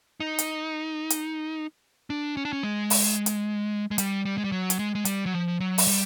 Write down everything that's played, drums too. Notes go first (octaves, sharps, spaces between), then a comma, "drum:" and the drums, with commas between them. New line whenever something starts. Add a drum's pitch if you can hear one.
D#4
drum: hi-hat
drum: hi-hat
D4
C#4
D4
C#4
G#3
drum: open hi-hat
drum: hi-hat
G#3
G3, drum: hi-hat
G3
G#3
G3
F#3
drum: hi-hat
G#3
G#3
G3, drum: hi-hat
F#3
F3
F#3
drum: open hi-hat
G3